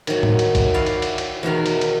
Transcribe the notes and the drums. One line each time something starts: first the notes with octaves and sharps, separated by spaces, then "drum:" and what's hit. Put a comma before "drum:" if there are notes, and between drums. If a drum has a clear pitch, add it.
D#3 F#3, drum: cymbal
drum: tom
drum: cymbal
drum: kick, cymbal
E4 F#4 D5 F5
drum: cymbal
drum: cymbal
drum: cymbal
E2 B2 D#3 A#4
drum: cymbal
drum: cymbal